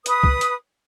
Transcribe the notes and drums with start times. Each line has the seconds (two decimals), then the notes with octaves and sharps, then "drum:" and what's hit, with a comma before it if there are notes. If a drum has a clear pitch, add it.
0.06 B4 D#6, drum: hi-hat
0.24 drum: kick
0.41 drum: hi-hat